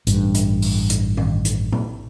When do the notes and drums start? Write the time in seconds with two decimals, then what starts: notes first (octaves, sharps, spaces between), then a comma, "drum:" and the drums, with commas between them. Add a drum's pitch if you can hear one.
0.07 A1 G2, drum: hi-hat
0.34 drum: hi-hat
0.62 drum: open hi-hat
0.90 drum: hi-hat
1.17 drum: tom
1.45 drum: hi-hat
1.72 drum: tom A#2